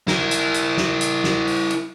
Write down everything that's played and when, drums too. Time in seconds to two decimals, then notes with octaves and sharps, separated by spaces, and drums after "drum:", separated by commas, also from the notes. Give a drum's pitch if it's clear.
0.08 E4 A#4, drum: snare
0.31 drum: hi-hat
0.54 drum: hi-hat
0.77 drum: snare
1.01 drum: hi-hat
1.24 drum: snare
1.47 drum: open hi-hat
1.71 drum: hi-hat